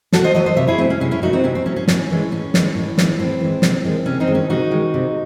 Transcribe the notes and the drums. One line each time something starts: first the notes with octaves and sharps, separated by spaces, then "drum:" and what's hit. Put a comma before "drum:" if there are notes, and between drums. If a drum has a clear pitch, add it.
C3 F#4 A4, drum: snare
C5 D#5
F#3 A3 C5 D#5
C5 D#5
C3 C#5 E5
E4 G#4
F#3 A3 C4
C#4
C3 C#4
C#4 E4
F#3 A3 D#4 F#4
C4 D#4
C3 C#4
C4
F#3 A3 C#4
C#4
A2 C#4, drum: snare
E3 G#3
A2 C#4
E3 G#3, drum: snare
A2
E3 G#3, drum: snare
A2 C4
E3 G#3
C3, drum: snare
D#3 G#3
C3 C#4
C4 D#4
D#3 G#3
C#4
C3 D#4 F#4
D#3 G#3
C3